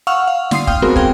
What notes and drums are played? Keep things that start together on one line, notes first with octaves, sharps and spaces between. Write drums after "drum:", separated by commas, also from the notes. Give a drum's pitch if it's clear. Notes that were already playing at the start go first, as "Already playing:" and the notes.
F5 F#5 C#6 E6 F6
F5
D3 C6 D#6 C7, drum: snare
F5 G5 D#6 F6, drum: kick
G#3 B3 C4 F#4 A#4
G#4 F5 G5, drum: kick